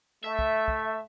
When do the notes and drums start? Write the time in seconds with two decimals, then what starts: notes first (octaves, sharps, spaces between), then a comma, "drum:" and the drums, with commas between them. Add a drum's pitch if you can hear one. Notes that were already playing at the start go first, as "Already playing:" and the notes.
0.24 A3 E5
0.39 drum: kick
0.68 drum: kick